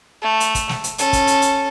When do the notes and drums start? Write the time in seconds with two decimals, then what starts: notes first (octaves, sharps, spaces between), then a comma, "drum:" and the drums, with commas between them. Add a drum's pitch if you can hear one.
0.22 A3
0.40 drum: hi-hat
0.55 drum: kick, hi-hat
0.69 drum: snare
0.84 drum: hi-hat
0.98 C#4 A4, drum: hi-hat
1.13 drum: kick, hi-hat
1.27 drum: hi-hat
1.42 drum: hi-hat